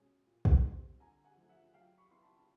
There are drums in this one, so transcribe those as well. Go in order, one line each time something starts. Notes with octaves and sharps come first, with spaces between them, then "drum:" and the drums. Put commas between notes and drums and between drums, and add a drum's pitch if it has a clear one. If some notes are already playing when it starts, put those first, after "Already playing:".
Already playing: B2 G#3 C#4 G#5
A#2
drum: kick
G3 C4
D3 G#5 A#5
F#5 G#5
F3 A3
E5 F#5
F#3 F5 G5
B5 C#6
B3 E4 C6
A5 B5
A5